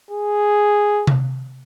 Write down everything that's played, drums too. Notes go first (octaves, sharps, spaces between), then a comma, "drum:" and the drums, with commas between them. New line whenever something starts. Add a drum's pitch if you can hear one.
G#4
drum: tom C3